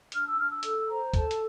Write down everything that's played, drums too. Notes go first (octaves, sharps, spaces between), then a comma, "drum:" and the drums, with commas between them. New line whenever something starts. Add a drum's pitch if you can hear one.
D4 F6, drum: hi-hat
E6
D4 F6
E6
A4 E6, drum: hi-hat
C5 A#5
A4 A5, drum: kick, hi-hat
drum: hi-hat